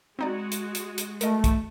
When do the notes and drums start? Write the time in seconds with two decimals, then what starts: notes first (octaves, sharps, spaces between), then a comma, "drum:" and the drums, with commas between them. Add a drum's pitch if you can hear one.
0.19 G#3 C4 D#4 F#4 D5
0.52 drum: hi-hat
0.75 drum: hi-hat
0.98 drum: hi-hat
1.21 A3 A#4 D#5, drum: hi-hat
1.44 drum: kick, hi-hat